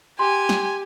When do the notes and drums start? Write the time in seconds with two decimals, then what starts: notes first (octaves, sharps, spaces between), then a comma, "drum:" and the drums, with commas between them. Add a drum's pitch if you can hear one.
0.19 G4 G#5 C6
0.49 drum: snare